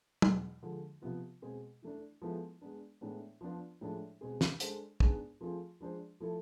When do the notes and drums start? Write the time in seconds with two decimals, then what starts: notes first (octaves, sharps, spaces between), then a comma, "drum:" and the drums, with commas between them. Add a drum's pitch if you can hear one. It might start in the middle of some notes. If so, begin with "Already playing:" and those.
0.22 E2 B2 G#3, drum: tom
0.62 D3 F3 G#3
1.02 C3 F3 B3 F4
1.42 B2 G#3 C4 G#4
1.82 E3 A3 D4
2.22 F3 G#3 B3 E4 A4
2.61 G#3 B3 D4
3.01 A2 E3 G#3 B3 D4
3.41 F3 B3 D4 F4 B4
3.81 A2 F3 G#3 D4 A4
4.21 B2 G#3 C4 G#4
4.41 drum: snare
4.60 G#3 D4 A4 C5, drum: hi-hat
5.00 G#2 G#3 B3 D4 G#4, drum: kick
5.41 F3 A3 C4 F4 G#4
5.80 F3 G#3 D4 G#4 C5
6.20 F3 A3 E4 A4